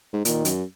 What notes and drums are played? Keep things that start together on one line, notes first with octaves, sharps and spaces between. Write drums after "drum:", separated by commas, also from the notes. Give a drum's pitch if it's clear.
G#2
A#2 D#3, drum: hi-hat
F#2, drum: hi-hat